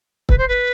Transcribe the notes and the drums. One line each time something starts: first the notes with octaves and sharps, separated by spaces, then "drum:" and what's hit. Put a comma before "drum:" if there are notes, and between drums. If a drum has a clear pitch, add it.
B4, drum: kick
C5
B4